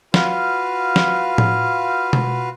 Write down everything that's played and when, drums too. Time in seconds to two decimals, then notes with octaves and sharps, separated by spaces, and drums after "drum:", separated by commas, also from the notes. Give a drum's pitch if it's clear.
0.14 F4 F#4 B4 F5, drum: snare
0.96 drum: snare
1.38 drum: tom A2
2.13 drum: tom B2